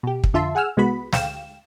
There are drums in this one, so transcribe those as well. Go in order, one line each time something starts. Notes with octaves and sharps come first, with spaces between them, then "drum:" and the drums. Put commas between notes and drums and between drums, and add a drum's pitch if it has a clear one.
B2 G4
drum: kick
F2 D3 F4 E5 A5 C6
G#4 F#5 G#5 E6 F6
C2 G#3 B3 F#4 B5
D2 F5 G5 E7, drum: snare